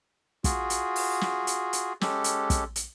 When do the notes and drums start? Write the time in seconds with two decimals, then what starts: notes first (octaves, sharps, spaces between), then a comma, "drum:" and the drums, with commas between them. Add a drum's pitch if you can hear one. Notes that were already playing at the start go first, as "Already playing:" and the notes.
0.44 F4 F#4 G#4, drum: kick, hi-hat
0.70 drum: hi-hat
0.96 drum: open hi-hat
1.21 drum: snare
1.47 drum: hi-hat
1.73 drum: hi-hat
2.01 G#3 C#4 G4 A4, drum: snare
2.24 drum: hi-hat
2.50 drum: kick, hi-hat
2.76 drum: hi-hat